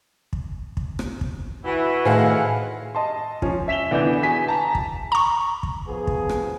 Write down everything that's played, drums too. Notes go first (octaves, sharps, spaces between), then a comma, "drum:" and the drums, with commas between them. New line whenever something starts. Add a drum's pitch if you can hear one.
drum: kick
drum: kick
drum: rim click
drum: kick
E3 E4 F#4
A2 D#3 G#4 C5 F5 F#5
D#5 A5 C6
F3 C#4, drum: kick
E5 B6 E7 F7 G7
D3 E3 B3 D5 G6 E7
F#4 G#4 G#5 B6
A5 A#5
drum: kick
A#5 C#6
drum: kick
F3 B3 G#4
drum: kick
drum: rim click